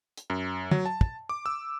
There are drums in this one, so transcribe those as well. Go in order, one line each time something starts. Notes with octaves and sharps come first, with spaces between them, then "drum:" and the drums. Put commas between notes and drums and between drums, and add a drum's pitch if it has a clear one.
drum: hi-hat
F#2
F#3, drum: tom
A5
drum: kick
D6
E6